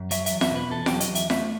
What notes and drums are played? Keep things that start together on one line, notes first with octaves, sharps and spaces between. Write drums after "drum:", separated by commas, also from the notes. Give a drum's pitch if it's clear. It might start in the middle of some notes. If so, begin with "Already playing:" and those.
Already playing: F#2
F#3 E5, drum: hi-hat
E5, drum: hi-hat
E2
E5, drum: snare F4
B2 B4
E2 A4
F#3 G4, drum: snare F4
D#5, drum: hi-hat
E2
E5, drum: hi-hat
A3 E5, drum: snare F4